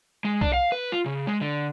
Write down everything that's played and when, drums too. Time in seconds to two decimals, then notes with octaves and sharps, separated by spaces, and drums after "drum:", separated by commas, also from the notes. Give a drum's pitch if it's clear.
0.24 G#3
0.41 D4, drum: kick B1
0.54 F5
0.72 B4
0.92 F4
1.06 C#3
1.27 G#3
1.41 D3